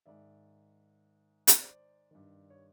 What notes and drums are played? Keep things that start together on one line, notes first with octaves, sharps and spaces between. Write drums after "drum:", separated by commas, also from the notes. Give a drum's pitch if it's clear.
G#2 D#3 D5 E5
drum: hi-hat
C5 D5
G2 D#3
C#5